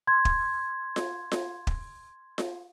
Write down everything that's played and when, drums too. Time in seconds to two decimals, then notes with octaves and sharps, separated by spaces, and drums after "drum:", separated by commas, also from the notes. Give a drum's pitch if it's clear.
0.07 C6 G#6
0.25 drum: kick
0.96 drum: snare F4
1.32 drum: snare F4
1.67 drum: kick
2.38 drum: snare F4